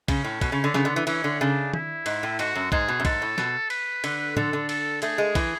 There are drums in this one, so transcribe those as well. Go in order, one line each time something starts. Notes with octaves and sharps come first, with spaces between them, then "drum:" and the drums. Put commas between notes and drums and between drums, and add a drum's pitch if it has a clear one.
C#3 C#4, drum: kick, cymbal
A2
B2, drum: kick, cymbal
C#3
D3
C#3 B3, drum: snare
D3
E3
E3 C#4, drum: cymbal
D3
C#3 D4
E4, drum: tom D#3
G#2, drum: cymbal
A2
G#2 F#4, drum: cymbal
F#2
G#2 G#4, drum: kick
B2
F#2
G#2 A4, drum: kick, cymbal
A2
B2, drum: snare
B4, drum: cymbal
D3, drum: cymbal
D3 A4, drum: tom
D3
A4, drum: cymbal
A3 G#4, drum: cymbal
G#3
E3, drum: kick, cymbal